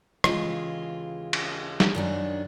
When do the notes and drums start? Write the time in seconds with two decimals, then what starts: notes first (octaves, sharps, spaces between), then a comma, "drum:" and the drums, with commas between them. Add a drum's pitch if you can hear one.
0.24 D#2 C#3 E3 G#3 F4, drum: rim click
1.33 drum: cymbal
1.80 drum: snare
1.95 F#2 D#3 D4